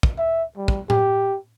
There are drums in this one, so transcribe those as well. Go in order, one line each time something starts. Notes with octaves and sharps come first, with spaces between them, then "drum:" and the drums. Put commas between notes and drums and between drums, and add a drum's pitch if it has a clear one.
drum: kick
E5
G3
drum: kick
G4, drum: tom A2